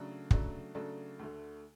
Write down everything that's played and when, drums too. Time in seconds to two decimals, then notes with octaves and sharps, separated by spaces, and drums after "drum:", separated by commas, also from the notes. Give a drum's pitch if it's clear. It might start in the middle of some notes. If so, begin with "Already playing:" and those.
Already playing: C#3 F#3 A3 D4 A4
0.31 C#3 F#3 A3 D4 A4, drum: kick
0.75 C#3 F#3 A3 D4 A4
1.19 D2 D3 A3